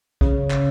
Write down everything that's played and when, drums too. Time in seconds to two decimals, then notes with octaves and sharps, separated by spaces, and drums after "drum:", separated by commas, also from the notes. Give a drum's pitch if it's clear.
0.21 C#3, drum: kick
0.51 drum: clap